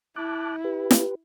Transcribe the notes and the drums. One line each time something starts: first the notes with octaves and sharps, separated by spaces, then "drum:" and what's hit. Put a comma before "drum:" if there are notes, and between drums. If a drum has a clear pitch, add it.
E4 A5 D6 F#6
G4 B4
drum: snare